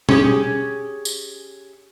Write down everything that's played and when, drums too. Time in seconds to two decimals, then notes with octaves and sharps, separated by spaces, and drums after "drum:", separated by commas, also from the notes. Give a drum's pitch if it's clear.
0.09 C#4 G4 G#4, drum: tom
1.05 drum: tambourine